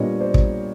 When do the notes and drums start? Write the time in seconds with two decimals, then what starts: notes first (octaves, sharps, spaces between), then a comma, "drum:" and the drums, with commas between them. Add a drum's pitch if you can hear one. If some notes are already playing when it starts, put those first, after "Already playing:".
Already playing: A#2 G3 B3 D4 C#5 D#5
0.20 C5 D5
0.34 drum: kick